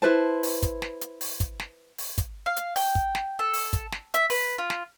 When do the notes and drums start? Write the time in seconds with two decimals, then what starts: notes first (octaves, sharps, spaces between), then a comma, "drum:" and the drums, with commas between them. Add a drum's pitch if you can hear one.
0.02 E4 B4 C5 A5
0.43 drum: open hi-hat
0.63 drum: kick, hi-hat
0.82 drum: snare
1.01 drum: hi-hat
1.21 drum: open hi-hat
1.40 drum: kick, hi-hat
1.60 drum: snare
1.98 drum: open hi-hat
2.18 drum: kick, hi-hat
2.46 F5
2.57 drum: hi-hat
2.76 G5, drum: open hi-hat
2.95 drum: kick
3.15 drum: snare
3.39 A4
3.54 drum: open hi-hat
3.73 drum: kick, hi-hat
3.92 drum: snare
4.14 E5, drum: hi-hat
4.30 B4, drum: open hi-hat
4.58 F4
4.70 drum: snare